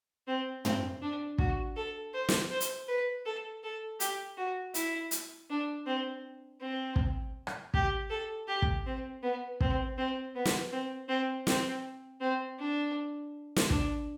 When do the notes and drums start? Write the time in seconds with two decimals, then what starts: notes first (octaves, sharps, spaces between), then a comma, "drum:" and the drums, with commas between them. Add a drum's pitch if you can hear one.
0.28 C4
0.65 C4, drum: tom
1.02 D4
1.38 F#4, drum: kick
1.77 A4
2.14 C5
2.29 drum: snare
2.51 C5
2.60 drum: hi-hat
2.88 B4
3.26 A4
3.63 A4
4.00 G4, drum: hi-hat
4.37 F#4
4.74 E4, drum: hi-hat
5.11 drum: hi-hat
5.50 D4
5.86 C4
6.61 C4
6.96 drum: kick
7.47 drum: rim click
7.74 G4, drum: kick
8.10 A4
8.48 G4
8.62 drum: kick
8.86 C4
9.23 B3
9.61 C4, drum: kick
9.98 C4
10.35 B3
10.45 drum: snare
10.72 C4
11.09 C4
11.47 C4, drum: snare
12.20 C4
12.59 D4
13.56 drum: snare
13.70 D4, drum: kick